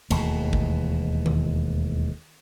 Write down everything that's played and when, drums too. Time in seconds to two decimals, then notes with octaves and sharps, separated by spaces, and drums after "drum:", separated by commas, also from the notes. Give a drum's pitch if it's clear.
0.11 E1 D#2 E3 A3, drum: cymbal
0.53 drum: kick G#1
1.26 drum: tom D#3